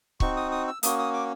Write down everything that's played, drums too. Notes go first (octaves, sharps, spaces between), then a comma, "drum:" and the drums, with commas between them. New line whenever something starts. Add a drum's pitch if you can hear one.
C4 D#4 F#4 C#6, drum: kick C#1
D#6
D#6
E6
A#3 C#4 F#4 D#6, drum: hi-hat
D#6
D6